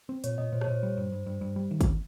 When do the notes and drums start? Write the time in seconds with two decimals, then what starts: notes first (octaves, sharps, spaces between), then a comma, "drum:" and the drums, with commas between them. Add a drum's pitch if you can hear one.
0.09 C4
0.24 A#2 C#5, drum: hi-hat
0.38 A#2 D#5
0.52 A#2 C5
0.61 C#5, drum: rim click
0.67 A#2 C5
0.83 G3
0.97 G2
1.12 G2
1.26 G2
1.41 G2
1.56 G3
1.71 D#3
1.81 drum: kick, hi-hat